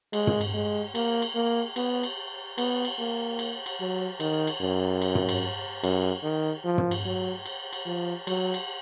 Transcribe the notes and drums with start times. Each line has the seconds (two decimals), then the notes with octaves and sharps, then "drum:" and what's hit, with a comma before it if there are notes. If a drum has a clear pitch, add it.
0.13 G#3, drum: cymbal
0.27 drum: tom
0.41 drum: cymbal
0.54 G#3
0.95 A#3, drum: cymbal
1.22 drum: cymbal
1.35 A#3
1.76 B3, drum: cymbal
2.03 drum: cymbal
2.58 B3, drum: cymbal
2.85 drum: cymbal
2.99 A#3
3.39 drum: cymbal
3.66 drum: cymbal
3.80 F#3
4.20 D#3, drum: cymbal
4.47 drum: cymbal
4.61 F#2
5.02 drum: cymbal
5.15 drum: tom
5.29 drum: cymbal
5.84 F#2, drum: cymbal
6.23 D#3
6.65 F3
6.78 drum: tom
6.91 drum: cymbal
7.05 F#3
7.46 drum: cymbal
7.73 drum: cymbal
7.86 F3
8.27 F#3, drum: cymbal
8.54 drum: cymbal